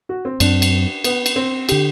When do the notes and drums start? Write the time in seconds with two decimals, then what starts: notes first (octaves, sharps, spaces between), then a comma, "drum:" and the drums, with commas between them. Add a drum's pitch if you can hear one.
0.09 F#4
0.25 C4
0.40 F#2 F#3 C4 D4, drum: cymbal
0.62 drum: cymbal
1.04 B3, drum: cymbal
1.26 drum: cymbal
1.36 C4
1.69 D3 G4, drum: cymbal